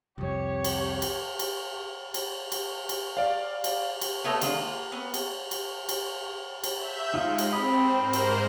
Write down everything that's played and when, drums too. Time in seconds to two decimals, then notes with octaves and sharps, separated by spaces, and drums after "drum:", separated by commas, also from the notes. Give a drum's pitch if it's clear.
0.18 C2 F2 G4 C#5
0.64 drum: cymbal
1.02 drum: cymbal
1.39 drum: cymbal
2.14 drum: cymbal
2.52 drum: cymbal
2.89 drum: cymbal
3.17 D5 F5
3.64 drum: cymbal
4.01 drum: cymbal
4.24 A3 B3 A4 C#5 D#5
4.41 D#3 G#3 D4 F4, drum: cymbal
4.57 A#3
4.92 B3
5.14 drum: cymbal
5.51 drum: cymbal
5.89 drum: cymbal
6.64 drum: cymbal
6.77 E5 G6
7.14 G#3 D#4 F4
7.38 drum: cymbal
7.53 C4 B5 D#6
7.95 G#2 A#4 C5
8.13 drum: cymbal